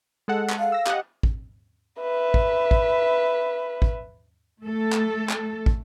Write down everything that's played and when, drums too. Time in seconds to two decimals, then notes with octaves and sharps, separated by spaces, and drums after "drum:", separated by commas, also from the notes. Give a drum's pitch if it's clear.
0.28 G#3 A4 F#5
0.50 drum: clap
0.59 F5
0.72 E6 A#6
0.87 G4 D#5 F#5, drum: clap
1.23 drum: kick
2.01 B4 E5
2.34 drum: kick
2.71 drum: kick
3.82 drum: kick
4.64 A3 A4
4.93 drum: clap
5.29 drum: clap
5.66 drum: kick